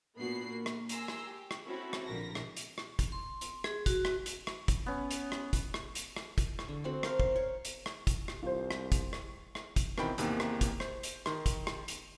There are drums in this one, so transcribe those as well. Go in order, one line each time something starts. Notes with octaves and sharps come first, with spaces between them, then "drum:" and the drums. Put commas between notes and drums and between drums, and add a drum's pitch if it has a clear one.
A#2 B3 D4 F#4 B5 C7
A#3
drum: rim click
G#5 A#5 C6 E6, drum: hi-hat
drum: rim click
G4
drum: rim click
C4 C#4 E4 F#4 A4 B5
drum: rim click
A#1 D3 F3 A#4 A#6 B6
drum: rim click
drum: hi-hat
drum: rim click
drum: kick, hi-hat
C6
drum: hi-hat
G#4, drum: rim click
F#4, drum: kick, hi-hat
drum: rim click
drum: hi-hat
drum: rim click
drum: kick, hi-hat
B3 C#4
drum: hi-hat
drum: rim click
drum: kick, hi-hat
drum: rim click
drum: hi-hat
drum: rim click
drum: kick, hi-hat
drum: rim click
D3
A3 C4 F#4
A#4 C5 F5, drum: rim click
F5, drum: kick
C#5
drum: hi-hat
drum: rim click
drum: kick, hi-hat
drum: rim click
C2 F4 C5
drum: rim click
drum: kick, hi-hat
drum: rim click
drum: rim click
drum: kick, hi-hat
B2 D#3 E3 C4 G5 B5, drum: rim click
E2 C3 D#3 A#3, drum: hi-hat
drum: rim click
drum: kick, hi-hat
C5, drum: rim click
drum: hi-hat
D#3 C6, drum: rim click
drum: kick, hi-hat
drum: rim click
drum: hi-hat